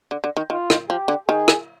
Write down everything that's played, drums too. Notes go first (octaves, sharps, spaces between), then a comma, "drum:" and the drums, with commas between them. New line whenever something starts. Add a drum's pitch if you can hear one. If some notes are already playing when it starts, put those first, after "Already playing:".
D3
D3
D#3
D#3 F4
D#3, drum: rim click
F3 G4
D3
D#3 G#4
drum: rim click